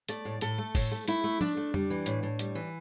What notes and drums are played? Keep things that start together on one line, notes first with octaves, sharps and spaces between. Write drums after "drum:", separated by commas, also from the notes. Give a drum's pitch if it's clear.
A3 D5, drum: hi-hat
A2
A2 A4, drum: hi-hat
A3
A2, drum: kick, open hi-hat
A3
A3 E4, drum: hi-hat
A3
A3 D4, drum: tom
A3
G3, drum: tom F2
E3
A2, drum: hi-hat
A2
G3, drum: hi-hat
E3